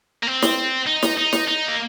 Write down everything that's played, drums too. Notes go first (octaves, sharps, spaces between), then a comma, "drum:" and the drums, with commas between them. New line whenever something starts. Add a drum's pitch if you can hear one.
A#3
C4
drum: snare
D#4
drum: snare
D#4
drum: snare
D#4
A#3